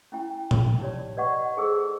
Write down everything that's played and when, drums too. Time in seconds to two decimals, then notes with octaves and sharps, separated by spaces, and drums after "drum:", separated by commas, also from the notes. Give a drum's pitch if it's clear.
0.12 C#4 E4 G5 G#5
0.51 drum: tom A2
0.80 D#4 G4 C#5 D5
1.17 B4 D5 D#5 F#5 C#6
1.57 D#4 G#4 A4 C5 A5 E6